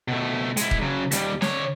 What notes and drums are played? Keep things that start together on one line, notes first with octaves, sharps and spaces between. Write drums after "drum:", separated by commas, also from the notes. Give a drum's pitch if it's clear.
B2 A3
G#3 E4, drum: hi-hat
drum: kick D#1
C#3 F#3
D#2 G3, drum: hi-hat
D3 C#5, drum: snare